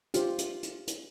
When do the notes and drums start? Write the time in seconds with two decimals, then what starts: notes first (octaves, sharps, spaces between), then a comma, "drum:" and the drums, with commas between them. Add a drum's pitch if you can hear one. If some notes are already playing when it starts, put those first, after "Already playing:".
0.14 F4 G4 C5, drum: hi-hat
0.38 drum: hi-hat
0.63 drum: hi-hat
0.87 drum: hi-hat